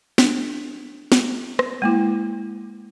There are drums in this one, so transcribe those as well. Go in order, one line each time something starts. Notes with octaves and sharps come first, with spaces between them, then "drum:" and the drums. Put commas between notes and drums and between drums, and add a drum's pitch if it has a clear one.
D4, drum: snare
drum: snare
drum: rim click
G#3 A#3 E4